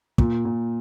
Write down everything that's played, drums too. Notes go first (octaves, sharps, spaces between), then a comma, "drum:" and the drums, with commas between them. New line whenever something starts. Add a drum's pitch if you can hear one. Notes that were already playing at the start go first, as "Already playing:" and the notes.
A#2, drum: kick
A#2